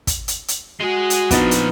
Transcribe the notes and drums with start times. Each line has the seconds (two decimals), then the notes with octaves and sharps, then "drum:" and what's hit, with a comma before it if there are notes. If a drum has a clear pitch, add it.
0.07 drum: kick, hi-hat
0.28 drum: hi-hat
0.48 drum: hi-hat
0.80 G#3 F#4 G#4
1.10 drum: hi-hat
1.31 A#2 F3 B3 D4 D#4, drum: kick, hi-hat
1.51 drum: hi-hat